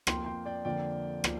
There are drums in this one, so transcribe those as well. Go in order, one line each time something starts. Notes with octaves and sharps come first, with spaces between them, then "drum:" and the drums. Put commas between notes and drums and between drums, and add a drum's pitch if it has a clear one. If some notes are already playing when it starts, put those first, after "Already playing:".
F2 F3 A#3 G5 C6, drum: rim click
G5 C6
D5 G5
F2 D3 A#3 D5 G5
F3 A#3, drum: rim click